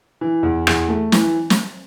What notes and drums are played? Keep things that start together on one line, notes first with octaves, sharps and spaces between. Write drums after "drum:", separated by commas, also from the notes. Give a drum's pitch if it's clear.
E3
E2
E2, drum: rim click
A3
E3, drum: snare
drum: snare